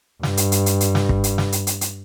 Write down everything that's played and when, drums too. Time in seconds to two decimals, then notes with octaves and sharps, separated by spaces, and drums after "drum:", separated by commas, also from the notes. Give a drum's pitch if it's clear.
0.23 G2, drum: snare
0.37 drum: hi-hat
0.52 drum: hi-hat
0.66 drum: hi-hat
0.80 drum: hi-hat
0.95 drum: snare
1.09 drum: kick
1.24 drum: hi-hat
1.38 drum: snare
1.52 drum: hi-hat
1.67 drum: hi-hat
1.81 drum: hi-hat